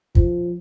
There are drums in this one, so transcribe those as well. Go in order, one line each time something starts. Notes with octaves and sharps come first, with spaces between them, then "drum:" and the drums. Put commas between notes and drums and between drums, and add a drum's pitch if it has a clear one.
F3, drum: kick